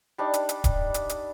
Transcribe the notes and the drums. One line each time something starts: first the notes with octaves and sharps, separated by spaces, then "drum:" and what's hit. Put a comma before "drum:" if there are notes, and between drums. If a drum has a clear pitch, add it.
G3 D4 D#4 D5
drum: hi-hat
drum: hi-hat
drum: kick D1, hi-hat
drum: hi-hat
drum: hi-hat